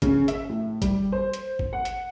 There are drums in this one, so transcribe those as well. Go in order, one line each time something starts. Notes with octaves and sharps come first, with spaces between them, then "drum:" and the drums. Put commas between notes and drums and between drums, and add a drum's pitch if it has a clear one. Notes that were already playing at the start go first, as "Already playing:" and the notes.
C#3, drum: kick G#1, hi-hat
E5, drum: hi-hat
A2
G3, drum: kick G#1, hi-hat
C5
drum: hi-hat
drum: kick G#1
F#5
drum: hi-hat